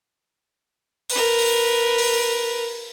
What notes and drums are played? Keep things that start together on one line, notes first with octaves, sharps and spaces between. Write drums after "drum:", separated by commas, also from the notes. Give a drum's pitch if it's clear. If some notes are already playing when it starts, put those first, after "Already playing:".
A#4 B4, drum: open hi-hat
drum: open hi-hat
drum: open hi-hat